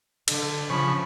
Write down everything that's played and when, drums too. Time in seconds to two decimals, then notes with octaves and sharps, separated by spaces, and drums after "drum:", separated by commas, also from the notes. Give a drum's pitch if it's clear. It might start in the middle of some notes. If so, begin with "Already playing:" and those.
0.28 D3, drum: cymbal
0.70 C#3 F3 B5 C#6